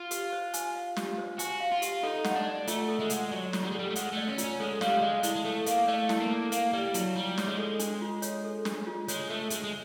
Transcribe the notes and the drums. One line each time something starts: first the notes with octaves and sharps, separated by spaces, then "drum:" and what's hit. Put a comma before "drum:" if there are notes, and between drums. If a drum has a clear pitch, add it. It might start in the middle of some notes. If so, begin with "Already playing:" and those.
Already playing: F4
G4, drum: hi-hat
C5
G#5, drum: hi-hat
F5
G4, drum: snare
C5
F#4 G#5, drum: hi-hat
F5
F4
G4, drum: hi-hat
D#4 A4
F#5, drum: snare
D4
D5
A3 F4, drum: hi-hat
A4
G#3
F#5, drum: hi-hat
F#3 D5
F4, drum: snare
G3
G#3
G3 A4
A3
G#3 F#5, drum: hi-hat
A3 D5
C#4
F4, drum: hi-hat
C#4
G#3 A4
G3 F5, drum: snare
G#3 D5
G#3 E4, drum: hi-hat
G#3
A3 A4
A#3 F5, drum: hi-hat
A3 D5
E4, drum: snare
A#3
A4
A#3 F5, drum: hi-hat
G3 D5
F#3 E4, drum: hi-hat
G3 F4
C#5, drum: snare
G#3
A4
D4, drum: hi-hat
F4
C#5, drum: hi-hat
A4
D4, drum: snare
F4
G#3 C#5, drum: hi-hat
A3 A4
G#3 D4, drum: hi-hat
G#3